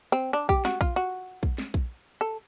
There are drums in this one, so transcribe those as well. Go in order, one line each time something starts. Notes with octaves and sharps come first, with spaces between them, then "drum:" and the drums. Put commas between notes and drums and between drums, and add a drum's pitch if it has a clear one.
C4
D4
G4, drum: kick A#1
F#4, drum: snare
F4, drum: kick A#1
F#4
drum: kick A#1
drum: snare
drum: kick A#1
A4